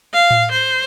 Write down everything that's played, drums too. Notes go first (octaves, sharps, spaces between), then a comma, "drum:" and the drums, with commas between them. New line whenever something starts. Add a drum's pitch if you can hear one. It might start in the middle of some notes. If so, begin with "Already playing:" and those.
F5
drum: tom A2
C5